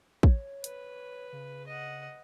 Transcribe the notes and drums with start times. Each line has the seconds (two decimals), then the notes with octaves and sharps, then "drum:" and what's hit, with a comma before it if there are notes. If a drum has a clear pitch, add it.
0.23 C#5, drum: kick
0.64 B4, drum: hi-hat
1.33 C#3
1.67 D#5 F#5